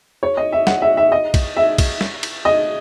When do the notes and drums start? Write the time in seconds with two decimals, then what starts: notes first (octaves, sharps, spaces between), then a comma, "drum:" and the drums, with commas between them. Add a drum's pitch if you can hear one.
0.23 C#5
0.37 D#5
0.52 E5
0.67 F#5, drum: snare
0.82 E5
0.97 E5
1.12 D#5
1.34 drum: kick, cymbal
1.56 E5
1.78 drum: kick, cymbal
2.01 drum: snare
2.23 drum: cymbal
2.45 D#5